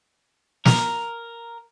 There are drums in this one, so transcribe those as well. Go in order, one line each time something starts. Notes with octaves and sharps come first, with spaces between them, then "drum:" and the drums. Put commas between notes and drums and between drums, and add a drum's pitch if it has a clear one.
A#4, drum: snare